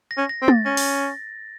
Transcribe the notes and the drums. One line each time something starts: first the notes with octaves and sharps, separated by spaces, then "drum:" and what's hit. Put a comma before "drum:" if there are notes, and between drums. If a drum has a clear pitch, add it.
A#6
C#4
A#6
C4
A6, drum: tom
C#4 A#6
drum: open hi-hat